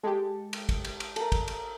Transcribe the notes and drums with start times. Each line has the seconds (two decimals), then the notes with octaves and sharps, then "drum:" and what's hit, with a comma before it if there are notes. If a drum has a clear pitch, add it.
0.03 G#3 G4 A4
0.53 drum: cymbal
0.69 drum: kick, cymbal
0.85 drum: cymbal
1.00 drum: cymbal
1.16 A4 A#4, drum: cymbal
1.32 drum: kick, cymbal
1.48 drum: cymbal